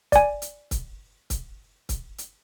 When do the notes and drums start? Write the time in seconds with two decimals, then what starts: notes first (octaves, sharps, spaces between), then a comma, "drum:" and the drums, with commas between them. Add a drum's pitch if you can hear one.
0.12 D5 G#5, drum: kick C#1, hi-hat
0.42 drum: hi-hat
0.71 drum: kick C#1, hi-hat
1.30 drum: kick C#1, hi-hat
1.89 drum: kick C#1, hi-hat
2.18 drum: hi-hat